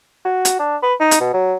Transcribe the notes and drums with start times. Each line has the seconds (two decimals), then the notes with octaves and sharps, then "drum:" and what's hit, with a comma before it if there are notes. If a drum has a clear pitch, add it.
0.25 F#4
0.45 drum: hi-hat
0.59 D4
0.83 B4
1.00 D#4
1.11 drum: hi-hat
1.21 B2
1.33 F#3